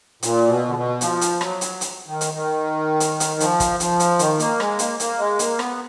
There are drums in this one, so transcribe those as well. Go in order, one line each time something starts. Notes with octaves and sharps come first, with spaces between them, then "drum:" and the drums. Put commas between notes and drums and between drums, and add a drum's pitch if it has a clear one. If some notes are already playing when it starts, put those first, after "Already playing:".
A#2, drum: hi-hat
B2
D3
B2
F3, drum: hi-hat
drum: hi-hat
F#3, drum: rim click
drum: hi-hat
drum: hi-hat
D#3
drum: hi-hat
D#3
drum: hi-hat
drum: hi-hat
F3, drum: hi-hat
drum: kick, hi-hat
F3, drum: hi-hat
drum: hi-hat
D#3, drum: hi-hat
A#3, drum: hi-hat
G#3, drum: rim click
A#3, drum: hi-hat
A#3, drum: hi-hat
G#3
A#3, drum: hi-hat
B3, drum: rim click